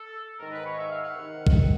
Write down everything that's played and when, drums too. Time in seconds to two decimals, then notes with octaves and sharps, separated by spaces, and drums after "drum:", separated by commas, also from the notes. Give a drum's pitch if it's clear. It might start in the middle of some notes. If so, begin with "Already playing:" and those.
Already playing: A4
0.38 G#2 D#3 A#4
0.50 B4
0.63 C#5
0.76 E5
0.89 F5
1.01 F#5
1.15 C3 D#3
1.47 drum: kick A#1